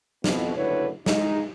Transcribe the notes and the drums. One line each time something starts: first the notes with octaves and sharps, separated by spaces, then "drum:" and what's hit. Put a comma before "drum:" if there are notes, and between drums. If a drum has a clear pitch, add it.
F2 B2, drum: snare
F#1 D2 D3 E4 B4 C#5
G#3 D#4, drum: snare